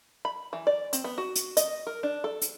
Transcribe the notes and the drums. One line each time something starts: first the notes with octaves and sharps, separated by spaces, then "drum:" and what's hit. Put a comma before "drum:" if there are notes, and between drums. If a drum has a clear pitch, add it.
B5
E3
D5
C4, drum: hi-hat
B3
F#4
drum: hi-hat
D#5, drum: hi-hat
A#4
D4
A4
drum: hi-hat